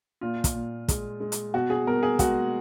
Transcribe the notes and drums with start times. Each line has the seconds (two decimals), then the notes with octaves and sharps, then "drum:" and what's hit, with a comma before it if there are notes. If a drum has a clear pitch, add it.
0.21 A#2 F4
0.44 drum: kick, hi-hat
0.54 A#2
0.89 G#3, drum: kick, hi-hat
1.20 G#3
1.32 drum: hi-hat
1.54 B2 F#4
1.70 G#4
1.87 B2 A#4
2.03 G#4
2.19 G#3 F#4, drum: kick, hi-hat